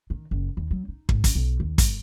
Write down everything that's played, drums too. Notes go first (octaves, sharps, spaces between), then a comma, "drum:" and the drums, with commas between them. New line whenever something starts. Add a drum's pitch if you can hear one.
D#3
F#1
D#2
F#3
D#4
G#2, drum: kick
C#2, drum: kick, hi-hat
B1
D#2
G1, drum: kick, hi-hat